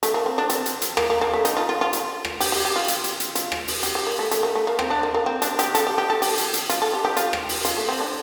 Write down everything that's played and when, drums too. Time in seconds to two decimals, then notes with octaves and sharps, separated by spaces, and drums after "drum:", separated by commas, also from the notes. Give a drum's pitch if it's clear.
0.03 A3, drum: hi-hat
0.14 A#3
0.26 C4
0.38 D4
0.50 C4, drum: hi-hat
0.66 drum: hi-hat
0.82 drum: hi-hat
0.97 A#3, drum: rim click
1.10 A#3
1.21 A#3
1.34 A3
1.45 D#4, drum: hi-hat
1.57 F4
1.69 F4
1.81 F4
1.93 drum: hi-hat
2.25 drum: rim click
2.40 G4, drum: open hi-hat
2.52 G4
2.65 G4
2.76 F4
2.88 drum: hi-hat
3.04 drum: hi-hat
3.20 drum: hi-hat
3.35 F4, drum: hi-hat
3.52 drum: rim click
3.68 drum: open hi-hat
3.83 G4, drum: hi-hat
3.95 G4
4.07 A#3
4.19 A3
4.31 A3, drum: hi-hat
4.43 A#3
4.55 A3
4.67 A#3
4.79 C4, drum: rim click
4.90 D4
5.03 A#3
5.14 A#3
5.26 C4
5.42 D4, drum: hi-hat
5.59 G4, drum: hi-hat
5.75 A4, drum: hi-hat
5.87 G4
5.98 G4
6.10 A4
6.22 G4, drum: open hi-hat
6.38 drum: hi-hat
6.54 drum: hi-hat
6.69 F4, drum: hi-hat
6.82 A4
6.93 G4
7.05 G4
7.17 F4, drum: hi-hat
7.33 drum: rim click
7.49 drum: open hi-hat
7.65 F4, drum: hi-hat
7.77 A3
7.89 C4
8.00 D4